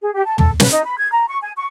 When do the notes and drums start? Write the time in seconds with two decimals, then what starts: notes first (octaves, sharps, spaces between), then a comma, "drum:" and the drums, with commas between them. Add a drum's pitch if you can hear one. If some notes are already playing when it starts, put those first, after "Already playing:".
0.01 G#4
0.13 G4
0.26 A5
0.38 A4, drum: tom
0.60 B4, drum: snare
0.72 D#4
0.86 B5
0.98 G#6
1.11 A#5
1.28 C#6
1.42 G#5
1.56 C#6